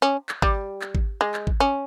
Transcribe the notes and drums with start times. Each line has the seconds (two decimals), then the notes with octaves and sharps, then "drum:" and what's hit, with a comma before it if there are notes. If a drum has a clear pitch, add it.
0.02 C#4
0.29 drum: clap
0.42 G3, drum: kick G#1
0.81 drum: clap
0.95 drum: kick G#1
1.21 G#3
1.34 drum: clap
1.47 drum: kick G#1
1.60 C#4